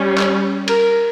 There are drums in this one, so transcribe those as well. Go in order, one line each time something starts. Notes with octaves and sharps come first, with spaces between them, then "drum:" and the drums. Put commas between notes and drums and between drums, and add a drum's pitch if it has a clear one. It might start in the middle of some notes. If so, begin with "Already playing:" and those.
Already playing: G3 C#4
drum: clap
A#4, drum: cymbal